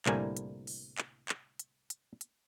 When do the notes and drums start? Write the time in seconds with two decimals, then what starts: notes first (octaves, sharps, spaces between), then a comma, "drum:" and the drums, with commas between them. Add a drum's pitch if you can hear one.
0.06 C2 A2 D3 G3 A#3 G#5, drum: clap
0.37 drum: hi-hat
0.67 drum: open hi-hat
0.98 drum: clap
1.29 drum: clap
1.59 drum: hi-hat
1.90 drum: hi-hat
2.21 drum: hi-hat